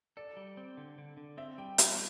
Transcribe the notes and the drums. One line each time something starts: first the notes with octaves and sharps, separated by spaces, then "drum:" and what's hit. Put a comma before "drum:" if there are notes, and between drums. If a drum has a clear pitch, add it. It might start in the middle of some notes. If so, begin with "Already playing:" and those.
A4 D5
G3
C4
D3
D3
D3
C4 E5
G3 G5
G3 E5, drum: hi-hat